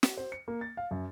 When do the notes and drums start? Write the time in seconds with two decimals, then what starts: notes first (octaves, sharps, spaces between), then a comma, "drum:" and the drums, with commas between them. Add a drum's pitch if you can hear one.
0.03 drum: snare
0.17 C5
0.32 C#7
0.48 A#3
0.61 A6
0.77 F5
0.91 F#2